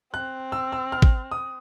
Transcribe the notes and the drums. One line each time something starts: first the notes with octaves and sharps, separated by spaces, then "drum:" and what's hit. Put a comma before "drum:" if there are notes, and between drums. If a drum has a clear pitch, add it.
C4 F#6
E6
E6
F6
drum: kick
D#6